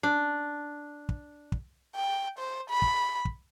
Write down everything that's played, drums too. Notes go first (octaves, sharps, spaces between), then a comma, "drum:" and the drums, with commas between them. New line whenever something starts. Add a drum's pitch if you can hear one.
D4
drum: kick
drum: kick
G5
C5
B5
drum: kick
drum: kick